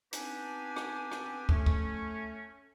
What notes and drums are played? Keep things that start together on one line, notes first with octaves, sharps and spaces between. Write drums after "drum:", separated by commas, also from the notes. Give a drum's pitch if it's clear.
B3 C4 D4 D#4 G4 G#5, drum: hi-hat
drum: rim click
drum: rim click
A3 C#4, drum: kick
drum: kick